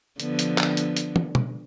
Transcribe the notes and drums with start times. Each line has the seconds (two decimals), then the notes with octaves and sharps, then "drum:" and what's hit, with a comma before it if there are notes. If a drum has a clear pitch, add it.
0.20 D3 F3 B3, drum: hi-hat
0.39 drum: hi-hat
0.58 drum: clap
0.77 drum: hi-hat
0.96 drum: hi-hat
1.16 drum: tom
1.35 drum: tom B2